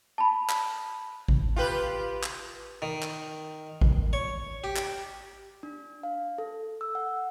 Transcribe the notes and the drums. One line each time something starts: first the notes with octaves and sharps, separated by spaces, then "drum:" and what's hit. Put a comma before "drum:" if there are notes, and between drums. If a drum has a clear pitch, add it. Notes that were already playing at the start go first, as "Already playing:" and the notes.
A5 B5
drum: clap
drum: kick G#1
F4 G4 B4
drum: clap
D#3
drum: clap
drum: kick G#1
C#5
G4
drum: clap
D4
F5
A4
E6
F#5